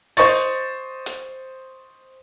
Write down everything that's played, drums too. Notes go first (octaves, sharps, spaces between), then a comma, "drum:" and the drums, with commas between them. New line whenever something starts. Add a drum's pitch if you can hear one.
C5 D#5 C#6 A6, drum: open hi-hat
drum: hi-hat